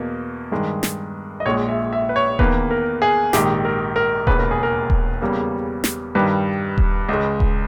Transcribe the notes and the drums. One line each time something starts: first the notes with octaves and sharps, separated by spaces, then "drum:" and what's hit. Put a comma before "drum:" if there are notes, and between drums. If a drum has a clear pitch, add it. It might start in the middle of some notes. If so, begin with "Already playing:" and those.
Already playing: E2 B2 A#3
G2 D#3 G#3
drum: snare
D#5
A#1 A#2 G#3 C#5
E5
E5
B4
C#5
E2 D#3 A#3 B4, drum: kick D#1
A#4
G#4
A#1 G#2 D#3 G4, drum: snare
A#4
A#4
E1 D#2 C#3 B4, drum: kick D#1
A#4
G#4
A#4
drum: kick D#1
E2 C#3 G3 A#3
drum: snare
G2 D#3 G3 B4
drum: kick D#1
C#2 C#3 G#3
drum: kick D#1